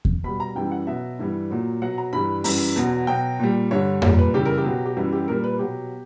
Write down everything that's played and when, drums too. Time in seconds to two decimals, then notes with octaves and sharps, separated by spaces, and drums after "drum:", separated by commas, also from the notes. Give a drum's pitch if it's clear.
0.05 drum: kick E2
0.24 B2 G3 B5
0.40 A#5
0.55 F#2 E3 G3 G5
0.71 F#5
0.87 B2 F#3 E5
1.19 G2 E3 G3
1.50 A#2 F#3
1.82 B2 F#3 F#5
1.98 A#5
2.13 G2 E3 G3 B5
2.44 F#2 E3 G3 A#5, drum: open hi-hat
2.76 E2 B2 F#3
3.07 B2 F#3 G5
3.39 A#2 G3
3.71 G2 D3 G3 C#5
4.02 A#2 G3 C#5, drum: tom F2
4.18 B4
4.34 F#2 C#3 E3 G3 G4
4.45 A#4
4.58 G4
4.65 B2 F#3
4.86 G4
4.97 F#2 E3 G3 F#4
5.12 G4
5.28 A#2 G3 A#4
5.44 B4
5.59 B2 F#3 G4